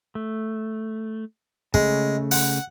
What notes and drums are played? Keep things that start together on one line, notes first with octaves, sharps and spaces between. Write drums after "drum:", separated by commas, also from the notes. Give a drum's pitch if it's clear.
A3
C#3 G#3 A3, drum: kick
F#5, drum: open hi-hat